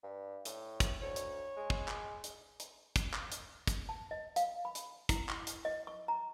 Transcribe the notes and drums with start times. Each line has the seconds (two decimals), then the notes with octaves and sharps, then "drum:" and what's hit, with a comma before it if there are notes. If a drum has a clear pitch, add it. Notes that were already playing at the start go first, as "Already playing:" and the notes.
0.03 G2
0.45 A2, drum: hi-hat
0.80 drum: kick, hi-hat
1.02 D2 C#5
1.16 drum: hi-hat
1.57 G#3
1.70 drum: kick
1.88 drum: clap
2.24 drum: hi-hat
2.60 drum: hi-hat
2.96 drum: kick, hi-hat
3.14 drum: clap
3.32 drum: hi-hat
3.67 drum: kick, hi-hat
3.89 A5
4.11 D#5
4.36 F5, drum: hi-hat
4.65 B5
4.75 drum: hi-hat
5.09 E4, drum: kick, hi-hat
5.29 drum: clap
5.47 drum: hi-hat
5.65 D#5
5.87 C#6
6.08 A#5